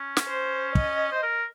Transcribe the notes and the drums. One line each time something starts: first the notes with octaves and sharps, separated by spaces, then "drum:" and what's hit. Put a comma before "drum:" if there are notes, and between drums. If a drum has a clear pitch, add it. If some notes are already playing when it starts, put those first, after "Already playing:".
Already playing: C#4
drum: snare
C5
D#5, drum: kick
C5
A#4